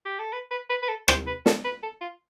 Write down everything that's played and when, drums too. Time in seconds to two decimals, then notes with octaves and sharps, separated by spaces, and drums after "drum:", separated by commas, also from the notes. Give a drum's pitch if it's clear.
0.05 G4
0.19 A4
0.33 B4
0.51 B4
0.70 B4
0.83 B4
0.89 A4
1.08 C5, drum: rim click
1.27 B4
1.46 A4, drum: snare
1.65 B4
1.83 A4
2.01 F4